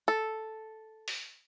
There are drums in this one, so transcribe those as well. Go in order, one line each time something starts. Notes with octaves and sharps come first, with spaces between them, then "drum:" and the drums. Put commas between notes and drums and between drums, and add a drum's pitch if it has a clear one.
A4
drum: open hi-hat